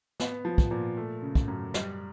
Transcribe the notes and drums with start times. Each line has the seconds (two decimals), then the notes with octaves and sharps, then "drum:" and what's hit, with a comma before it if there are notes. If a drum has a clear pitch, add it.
0.20 B3, drum: snare
0.45 F3
0.58 drum: kick
0.71 A#2
0.97 A3
1.22 C#3
1.35 drum: kick
1.48 F#2
1.74 G3, drum: snare